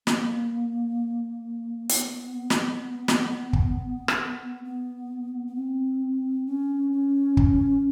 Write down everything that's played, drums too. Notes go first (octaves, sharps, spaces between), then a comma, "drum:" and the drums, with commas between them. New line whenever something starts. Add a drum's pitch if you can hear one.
A#3, drum: snare
B3, drum: hi-hat
drum: snare
drum: snare
drum: kick
drum: rim click
B3
B3
C4
C#4
C#4
drum: kick